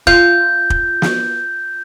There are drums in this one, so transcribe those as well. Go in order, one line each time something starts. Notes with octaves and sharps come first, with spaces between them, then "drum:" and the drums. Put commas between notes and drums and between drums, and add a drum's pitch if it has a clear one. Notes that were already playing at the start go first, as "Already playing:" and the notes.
F4 G6, drum: kick
drum: kick
drum: snare